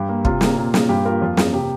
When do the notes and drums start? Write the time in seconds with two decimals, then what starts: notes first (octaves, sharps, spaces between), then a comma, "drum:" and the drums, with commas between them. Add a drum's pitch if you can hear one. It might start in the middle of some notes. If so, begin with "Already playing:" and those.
Already playing: G2 G4
0.09 A#3
0.25 C3 F4, drum: kick
0.41 A#3, drum: snare
0.58 A#2
0.74 A#3, drum: snare
0.89 G2 G4
1.05 A#3 F4 A#4
1.21 F2 F4
1.37 A#3 F4, drum: snare
1.53 C3 G4